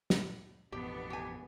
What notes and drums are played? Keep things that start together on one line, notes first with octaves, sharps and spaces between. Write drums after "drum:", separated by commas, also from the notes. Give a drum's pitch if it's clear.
drum: snare
A1 F2 B2 B3 D4 G4
G4 G#5